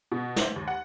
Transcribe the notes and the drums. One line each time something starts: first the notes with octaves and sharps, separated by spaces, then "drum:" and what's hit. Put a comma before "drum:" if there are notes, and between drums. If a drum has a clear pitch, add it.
B2
C5, drum: snare
D#2
F#5